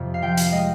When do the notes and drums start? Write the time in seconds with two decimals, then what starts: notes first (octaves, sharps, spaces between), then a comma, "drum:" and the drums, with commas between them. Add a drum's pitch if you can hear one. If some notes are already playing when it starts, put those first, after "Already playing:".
Already playing: F2 C3
0.14 F5
0.22 F3 G5
0.37 F5, drum: hi-hat
0.52 G#3 D#5